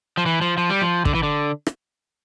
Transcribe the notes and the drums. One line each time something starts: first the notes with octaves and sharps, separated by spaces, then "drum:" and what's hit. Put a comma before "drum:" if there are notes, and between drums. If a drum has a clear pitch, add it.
F3
E3
F3
F3
G3
F3
D3, drum: kick
E3
D3
drum: rim click